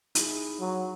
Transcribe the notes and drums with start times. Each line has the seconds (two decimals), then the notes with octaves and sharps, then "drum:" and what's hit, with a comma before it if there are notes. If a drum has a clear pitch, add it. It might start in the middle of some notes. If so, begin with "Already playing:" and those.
0.15 D#4 E4 G#4, drum: hi-hat
0.60 F#3